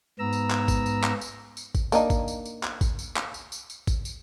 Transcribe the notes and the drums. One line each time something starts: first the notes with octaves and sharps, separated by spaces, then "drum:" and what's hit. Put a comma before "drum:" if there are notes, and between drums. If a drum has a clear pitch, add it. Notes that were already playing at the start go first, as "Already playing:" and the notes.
G#2 B3 A#5 E6
drum: tambourine
drum: clap
drum: kick G#1, tambourine
drum: tambourine
drum: clap
drum: tambourine
drum: tambourine
drum: kick G#1, tambourine
A#3 D4 D#4, drum: tambourine
drum: kick G#1, tambourine
drum: tambourine
drum: tambourine
drum: clap
drum: kick G#1, tambourine
drum: tambourine
drum: clap
drum: tambourine
drum: tambourine
drum: tambourine
drum: kick G#1, tambourine
drum: tambourine